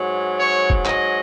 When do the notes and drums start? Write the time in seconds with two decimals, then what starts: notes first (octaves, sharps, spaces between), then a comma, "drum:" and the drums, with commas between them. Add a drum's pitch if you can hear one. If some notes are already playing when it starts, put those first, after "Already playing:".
Already playing: G#2 F#3
0.38 C#5
0.70 drum: kick
0.86 D#5, drum: clap